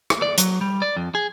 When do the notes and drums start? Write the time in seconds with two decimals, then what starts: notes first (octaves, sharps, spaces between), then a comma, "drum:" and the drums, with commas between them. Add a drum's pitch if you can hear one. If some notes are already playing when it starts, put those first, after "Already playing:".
0.10 drum: rim click
0.22 D5
0.38 F#3, drum: hi-hat
0.61 G3
0.82 D5
0.96 F2
1.15 G#4